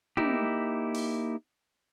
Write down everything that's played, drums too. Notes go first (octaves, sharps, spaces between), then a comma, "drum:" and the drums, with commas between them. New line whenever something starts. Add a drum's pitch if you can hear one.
A#3 D#4 E4 G4, drum: tom
drum: open hi-hat